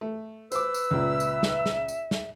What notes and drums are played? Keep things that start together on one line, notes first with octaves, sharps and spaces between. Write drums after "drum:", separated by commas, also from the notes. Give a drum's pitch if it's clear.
A3
B4 C5 D6 E6, drum: tambourine
drum: tambourine
C#2 A#2 E5
drum: tambourine
drum: snare
drum: snare
drum: tambourine
drum: snare